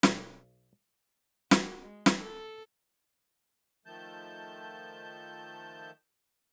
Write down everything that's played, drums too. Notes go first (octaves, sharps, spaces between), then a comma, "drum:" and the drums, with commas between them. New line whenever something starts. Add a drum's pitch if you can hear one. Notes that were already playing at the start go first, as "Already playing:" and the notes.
B1, drum: snare
F#4, drum: snare
G#3
drum: snare
A4
D#3 F3 A3 A5 G6